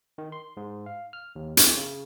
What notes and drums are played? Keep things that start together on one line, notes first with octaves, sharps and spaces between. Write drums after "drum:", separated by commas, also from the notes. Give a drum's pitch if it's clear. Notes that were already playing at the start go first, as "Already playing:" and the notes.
D#3
C6
G#2
F5
F6
D#2
E4, drum: hi-hat
C#3